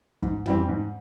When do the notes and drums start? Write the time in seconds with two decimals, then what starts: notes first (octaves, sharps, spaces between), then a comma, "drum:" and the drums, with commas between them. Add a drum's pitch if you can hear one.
0.22 G#2, drum: kick
0.46 E3 G3 C4, drum: tom
0.69 G#2